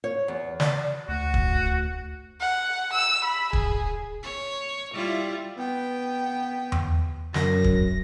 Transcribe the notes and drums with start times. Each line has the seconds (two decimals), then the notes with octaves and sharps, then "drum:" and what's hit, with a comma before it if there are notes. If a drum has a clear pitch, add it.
0.04 C#5
0.28 E2
0.60 D5, drum: snare
1.08 D2 F#4
1.34 drum: kick
2.40 F#5
2.93 E6
3.25 B5
3.53 G#4, drum: kick
4.23 C#5
4.92 G3 E4 F4
5.57 B3 G5
6.72 drum: tom E2
7.34 F#2 A#6, drum: snare
7.64 drum: kick